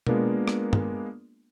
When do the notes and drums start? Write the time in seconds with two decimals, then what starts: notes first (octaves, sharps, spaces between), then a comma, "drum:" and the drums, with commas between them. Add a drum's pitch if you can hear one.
0.07 G#3 A#3 B3 D4 F4 A#4, drum: tom B2
0.48 drum: rim click
0.73 drum: tom G2